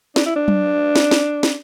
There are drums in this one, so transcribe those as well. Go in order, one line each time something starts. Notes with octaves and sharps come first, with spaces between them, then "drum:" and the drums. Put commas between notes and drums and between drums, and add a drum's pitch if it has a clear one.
D4, drum: snare
E4
D4
drum: tom F#3
drum: snare
drum: snare
drum: snare